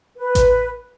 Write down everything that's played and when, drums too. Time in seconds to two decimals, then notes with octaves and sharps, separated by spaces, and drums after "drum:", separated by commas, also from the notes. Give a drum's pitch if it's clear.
0.17 B4
0.35 drum: kick A1, hi-hat